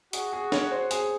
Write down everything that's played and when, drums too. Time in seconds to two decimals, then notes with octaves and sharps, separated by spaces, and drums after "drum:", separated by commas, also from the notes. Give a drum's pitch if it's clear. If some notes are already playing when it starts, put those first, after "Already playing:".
0.13 F#4 G#4, drum: hi-hat
0.33 G#4
0.52 C#5, drum: snare
0.71 C5
0.91 G#4, drum: hi-hat